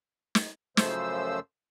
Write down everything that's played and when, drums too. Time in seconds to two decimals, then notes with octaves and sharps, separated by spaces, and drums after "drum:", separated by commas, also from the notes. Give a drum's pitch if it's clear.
0.35 drum: snare
0.77 F#2 C#3 F3 A3 C5 E6, drum: snare